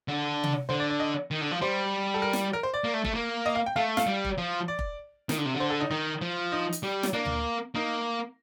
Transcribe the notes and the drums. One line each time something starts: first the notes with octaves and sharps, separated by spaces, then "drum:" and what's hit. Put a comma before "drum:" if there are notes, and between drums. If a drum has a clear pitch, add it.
D3
drum: tom C3
D3 C5
D5
D5
D#5
D#3
D3
F3
G3 C5
A4
A#4
drum: snare
A#4
C5
D5
A#3
A3
A3, drum: kick F1
A#3
D#5
F5
G5
A3 F5
F5, drum: snare
G3
drum: kick F1
F3
D5
drum: kick F1
D#3, drum: snare
D3
C3
D3
C5
A4
D#4
D#3 D#4
F3
D#4
drum: hi-hat
G3
drum: snare
A#3 D4
drum: tom D2
A#3 D#4